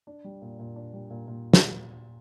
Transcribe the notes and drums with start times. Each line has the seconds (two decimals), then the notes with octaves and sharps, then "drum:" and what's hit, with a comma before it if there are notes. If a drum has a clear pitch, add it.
0.07 D4
0.24 G3
0.42 A#2
0.59 A#2
0.76 D4
0.93 G3
1.10 A#2
1.27 A#2
1.54 drum: snare